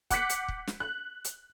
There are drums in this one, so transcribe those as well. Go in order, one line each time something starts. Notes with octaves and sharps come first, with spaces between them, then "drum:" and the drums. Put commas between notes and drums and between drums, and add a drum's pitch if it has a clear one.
F#5 D6 F#6 G6 B6 C#7, drum: kick, hi-hat
drum: hi-hat
drum: kick
drum: snare
F#6
drum: hi-hat